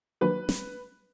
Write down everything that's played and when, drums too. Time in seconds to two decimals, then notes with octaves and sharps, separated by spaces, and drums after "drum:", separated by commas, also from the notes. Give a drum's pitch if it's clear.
0.21 D#3 F#3 A#3 D4 F#4 B4
0.49 drum: snare